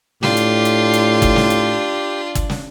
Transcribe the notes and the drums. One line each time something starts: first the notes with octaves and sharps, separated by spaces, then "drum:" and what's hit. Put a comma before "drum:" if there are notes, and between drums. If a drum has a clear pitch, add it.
A2 D4 F4 G4, drum: snare
drum: hi-hat
drum: hi-hat
drum: hi-hat
drum: kick, hi-hat
drum: snare
drum: hi-hat
drum: kick, hi-hat
drum: snare